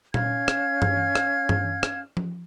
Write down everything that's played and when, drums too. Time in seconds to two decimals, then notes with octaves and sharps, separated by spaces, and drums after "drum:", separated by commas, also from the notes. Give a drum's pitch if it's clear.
0.14 C#4 F5 F6 G#6, drum: tom A#2
0.48 drum: rim click
0.82 drum: tom G2
1.15 drum: rim click
1.49 drum: tom G2
1.83 drum: rim click
2.17 drum: tom F3